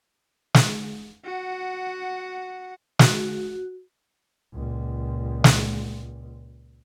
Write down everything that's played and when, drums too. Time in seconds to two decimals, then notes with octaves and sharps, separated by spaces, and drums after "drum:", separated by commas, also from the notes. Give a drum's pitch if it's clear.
0.54 drum: snare
1.25 F#4 F#5
2.99 F#4, drum: snare
4.54 C#2 A#2
5.44 drum: snare